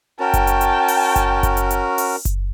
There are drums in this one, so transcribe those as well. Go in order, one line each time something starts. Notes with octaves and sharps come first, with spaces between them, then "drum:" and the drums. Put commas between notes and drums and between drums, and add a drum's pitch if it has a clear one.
C#4 F#4 A#4 G5 A5
drum: kick F#1, hi-hat
drum: hi-hat
drum: hi-hat
drum: open hi-hat
drum: kick F#1, hi-hat
drum: kick F#1, hi-hat
drum: hi-hat
drum: hi-hat
drum: open hi-hat
drum: kick F#1, hi-hat